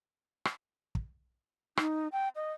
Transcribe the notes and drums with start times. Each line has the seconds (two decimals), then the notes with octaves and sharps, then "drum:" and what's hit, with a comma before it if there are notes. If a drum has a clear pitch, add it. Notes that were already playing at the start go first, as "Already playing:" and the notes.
0.45 drum: rim click
0.95 drum: kick
1.77 D#4, drum: rim click
2.12 G5
2.36 D#5